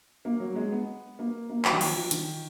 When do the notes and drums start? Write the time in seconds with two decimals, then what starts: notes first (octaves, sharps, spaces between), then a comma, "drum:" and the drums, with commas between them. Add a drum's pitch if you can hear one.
0.25 A#3
0.40 F#3
0.55 G#3
0.71 B3
1.19 A#3
1.49 A#3
1.65 F#3, drum: clap
1.72 D#3
1.81 F3, drum: cymbal
1.96 F3
2.11 D#3, drum: hi-hat